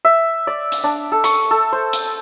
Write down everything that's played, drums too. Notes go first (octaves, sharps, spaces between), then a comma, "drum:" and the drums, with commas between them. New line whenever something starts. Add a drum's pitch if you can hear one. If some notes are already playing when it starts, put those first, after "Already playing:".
E5
D5
drum: hi-hat
D4
A4
C#6, drum: hi-hat
A4
C5
drum: hi-hat